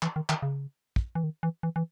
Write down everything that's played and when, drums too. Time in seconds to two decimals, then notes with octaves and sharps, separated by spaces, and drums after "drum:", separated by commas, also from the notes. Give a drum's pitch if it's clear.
0.02 E3, drum: clap
0.16 D#3
0.29 D#3, drum: clap
0.42 C#3
0.96 drum: kick
1.15 E3
1.24 D#3
1.43 E3
1.63 E3
1.76 E3